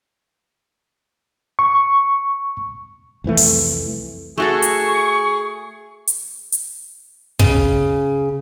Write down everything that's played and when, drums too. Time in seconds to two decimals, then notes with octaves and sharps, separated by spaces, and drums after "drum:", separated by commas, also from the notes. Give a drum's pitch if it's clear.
1.59 C#6
3.24 C2 F2 E3 A3
3.37 drum: open hi-hat
4.38 A3 F#4 G#4 A4 C#6
4.63 drum: hi-hat
6.08 drum: hi-hat
6.52 drum: hi-hat
7.39 C#3, drum: kick